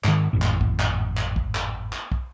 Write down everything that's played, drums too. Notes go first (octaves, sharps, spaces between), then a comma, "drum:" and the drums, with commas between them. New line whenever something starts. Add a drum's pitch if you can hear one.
G#2 D#3, drum: clap
G#1 F2 A2
drum: clap
drum: kick
drum: clap
drum: clap
drum: kick
drum: clap
drum: clap
drum: kick